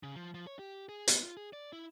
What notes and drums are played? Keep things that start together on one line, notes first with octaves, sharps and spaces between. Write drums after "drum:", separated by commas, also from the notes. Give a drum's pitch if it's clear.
C#3
F3
F3
C#5
G4
G#4
B3, drum: hi-hat
F4
G#4
D5
E4